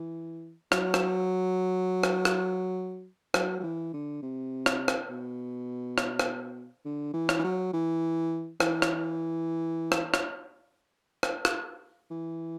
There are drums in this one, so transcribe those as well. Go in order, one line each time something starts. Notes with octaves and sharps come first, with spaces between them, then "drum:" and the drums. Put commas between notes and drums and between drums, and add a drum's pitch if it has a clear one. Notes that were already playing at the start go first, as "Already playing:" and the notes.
Already playing: E3
F#3, drum: rim click
drum: rim click
drum: rim click
drum: rim click
F#3, drum: rim click
F#3
E3
D3
C3
drum: rim click
drum: rim click
B2
drum: rim click
drum: rim click
D3
E3
drum: rim click
E3
F#3
E3
E3, drum: rim click
drum: rim click
drum: rim click
drum: rim click
drum: rim click
drum: rim click
E3